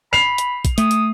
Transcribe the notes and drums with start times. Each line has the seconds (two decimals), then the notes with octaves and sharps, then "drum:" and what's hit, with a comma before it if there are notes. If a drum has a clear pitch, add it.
0.13 B5 C7 F7
0.38 drum: hi-hat
0.65 drum: kick, hi-hat
0.78 A3 D#6, drum: hi-hat
0.91 drum: hi-hat